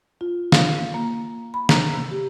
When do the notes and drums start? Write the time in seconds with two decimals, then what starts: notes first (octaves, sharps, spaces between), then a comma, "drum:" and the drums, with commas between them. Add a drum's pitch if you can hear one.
0.21 F4
0.52 F5, drum: snare
0.94 A#3
1.54 B5
1.69 A#5, drum: snare
1.94 C3
2.11 G4